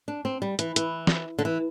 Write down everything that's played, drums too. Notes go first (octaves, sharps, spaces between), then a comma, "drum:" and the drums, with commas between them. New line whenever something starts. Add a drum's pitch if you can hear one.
D4
C4
G3
E3, drum: hi-hat
E3, drum: hi-hat
drum: snare
D3
E3